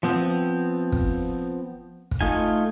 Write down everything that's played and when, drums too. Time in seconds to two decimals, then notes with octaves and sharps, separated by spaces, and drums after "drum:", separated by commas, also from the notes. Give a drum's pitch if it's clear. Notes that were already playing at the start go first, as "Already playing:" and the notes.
0.03 F3 B3 C4
0.92 drum: kick
2.11 drum: kick
2.21 A3 D#4 F4 G#5